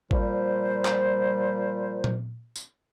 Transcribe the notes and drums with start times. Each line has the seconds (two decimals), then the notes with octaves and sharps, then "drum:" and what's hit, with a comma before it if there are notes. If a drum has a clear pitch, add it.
0.11 A#2 F3 G3 C5, drum: kick G#1
0.85 drum: clap
2.04 drum: tom A#2
2.56 drum: tambourine